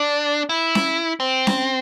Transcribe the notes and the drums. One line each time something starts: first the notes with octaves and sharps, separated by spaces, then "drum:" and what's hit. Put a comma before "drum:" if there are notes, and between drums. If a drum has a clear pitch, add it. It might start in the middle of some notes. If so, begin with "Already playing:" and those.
Already playing: D4
E4
drum: snare C#4
C4
drum: snare C#4